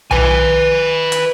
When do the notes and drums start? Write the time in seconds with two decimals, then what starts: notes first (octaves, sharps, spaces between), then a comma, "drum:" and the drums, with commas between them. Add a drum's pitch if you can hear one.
0.11 B4 G#5, drum: tom B1
1.12 drum: hi-hat